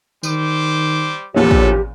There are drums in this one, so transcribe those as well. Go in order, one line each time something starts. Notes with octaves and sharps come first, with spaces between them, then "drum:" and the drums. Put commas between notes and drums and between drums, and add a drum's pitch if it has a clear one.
D#3 G3 C5 D6, drum: tambourine
A#1 E2 A#2 B3 C#4 G4 A4
drum: kick